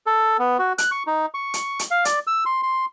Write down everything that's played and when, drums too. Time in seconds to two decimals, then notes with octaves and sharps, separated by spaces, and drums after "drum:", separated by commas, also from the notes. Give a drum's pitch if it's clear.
0.06 A4
0.39 B3
0.59 F#4
0.78 F#6, drum: hi-hat
0.91 C#6
1.07 D#4
1.34 C#6
1.54 drum: hi-hat
1.79 drum: hi-hat
1.91 F5
2.05 D5, drum: hi-hat
2.27 E6
2.46 C6
2.63 C6